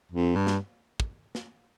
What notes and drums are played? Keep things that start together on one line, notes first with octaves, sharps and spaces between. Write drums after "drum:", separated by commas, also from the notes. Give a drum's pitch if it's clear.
F2
G2
drum: snare
drum: kick
drum: snare